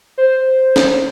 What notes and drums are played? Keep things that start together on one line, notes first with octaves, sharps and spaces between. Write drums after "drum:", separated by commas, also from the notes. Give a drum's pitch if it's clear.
C5
drum: snare